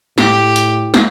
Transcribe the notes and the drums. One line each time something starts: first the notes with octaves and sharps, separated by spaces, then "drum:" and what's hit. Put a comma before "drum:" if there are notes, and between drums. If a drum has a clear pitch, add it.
A2 G4, drum: snare
drum: hi-hat
drum: snare